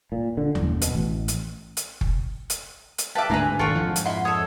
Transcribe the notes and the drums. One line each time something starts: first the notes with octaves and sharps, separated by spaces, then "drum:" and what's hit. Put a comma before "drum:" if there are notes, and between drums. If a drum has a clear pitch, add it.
A#2
D3
F#1, drum: tom D#2
B2, drum: hi-hat
A1
drum: hi-hat
drum: hi-hat
drum: kick F#1
drum: hi-hat
drum: hi-hat
B4 E5 F5 G5 A5 D6
D2 G#2 D4 B4 G#5 A#5 C6
G#1 B2 F4 A4 F#5 G5 C#6
F2 G#2 F3
drum: hi-hat
E4 D#5 F#5 B5 C6
A4 C#5 D#6